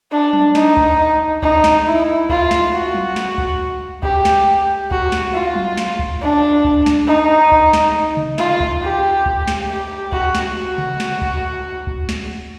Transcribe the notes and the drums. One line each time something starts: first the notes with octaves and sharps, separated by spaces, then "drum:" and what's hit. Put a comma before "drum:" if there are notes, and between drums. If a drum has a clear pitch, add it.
D4
drum: tom F#3
D#4, drum: snare
drum: kick
D#4, drum: kick
drum: snare
E4
F4, drum: kick
drum: snare
F#4
drum: tom F#3
drum: snare
drum: kick
G4, drum: kick
drum: snare
F#4, drum: kick
drum: snare
F4
drum: tom F#3
drum: snare
drum: kick
D4
drum: kick
drum: snare
D#4
drum: kick
drum: snare
drum: tom C3
F4, drum: snare
drum: kick
G4
drum: kick
drum: snare
G4
F#4, drum: kick
drum: snare
F#4
drum: tom C3
drum: snare
drum: kick
drum: kick
drum: snare